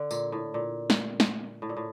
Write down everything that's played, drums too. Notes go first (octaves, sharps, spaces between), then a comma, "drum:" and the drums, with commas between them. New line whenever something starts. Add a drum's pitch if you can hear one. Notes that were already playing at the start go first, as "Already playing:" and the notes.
Already playing: D3
A#2, drum: tambourine
A2
A#2
drum: snare
drum: snare
A2
A#2
A2